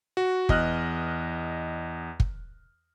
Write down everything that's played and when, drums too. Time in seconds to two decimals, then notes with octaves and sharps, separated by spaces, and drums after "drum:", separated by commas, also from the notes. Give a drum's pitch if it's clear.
0.17 F#4
0.49 E2 D#5 F6 F#6, drum: kick
2.20 drum: kick